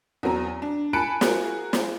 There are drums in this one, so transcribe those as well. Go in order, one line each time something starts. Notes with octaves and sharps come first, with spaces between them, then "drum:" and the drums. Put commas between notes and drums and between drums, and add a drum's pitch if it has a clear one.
E2 F#3 C4 A#5
D4
G#5 A5 B5 F#6 C#7 D7
F#4 G#4 A#4, drum: snare
drum: snare